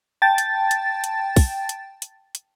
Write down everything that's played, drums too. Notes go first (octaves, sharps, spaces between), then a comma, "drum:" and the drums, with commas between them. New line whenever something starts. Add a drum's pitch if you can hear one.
G5 A5 A6
drum: hi-hat
drum: hi-hat
drum: hi-hat
drum: kick, open hi-hat
drum: hi-hat
drum: hi-hat
drum: hi-hat